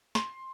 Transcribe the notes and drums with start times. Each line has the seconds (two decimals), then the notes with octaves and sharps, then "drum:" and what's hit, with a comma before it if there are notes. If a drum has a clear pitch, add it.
0.15 C6, drum: snare